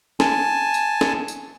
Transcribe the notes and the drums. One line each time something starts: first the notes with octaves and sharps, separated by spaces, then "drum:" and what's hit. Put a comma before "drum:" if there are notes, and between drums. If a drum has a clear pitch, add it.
G#5 A5, drum: snare
drum: tambourine
drum: snare
drum: tambourine